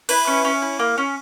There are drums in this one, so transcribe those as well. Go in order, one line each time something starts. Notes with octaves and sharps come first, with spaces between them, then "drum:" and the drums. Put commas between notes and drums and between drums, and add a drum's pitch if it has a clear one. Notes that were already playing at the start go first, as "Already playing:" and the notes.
E4 B4, drum: cymbal
C#4
C#4
E4
A#3
C#4